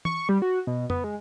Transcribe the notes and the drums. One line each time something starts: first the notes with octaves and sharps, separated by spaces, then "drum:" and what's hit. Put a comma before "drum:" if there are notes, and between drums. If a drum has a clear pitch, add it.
C#6, drum: tom E3
G3
F#4
B2
B3, drum: tom F2
G#3